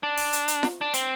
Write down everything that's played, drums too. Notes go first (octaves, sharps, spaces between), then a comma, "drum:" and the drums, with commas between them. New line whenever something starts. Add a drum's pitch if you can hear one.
D4
drum: open hi-hat
drum: hi-hat
drum: hi-hat
drum: snare F4
D4
C4, drum: hi-hat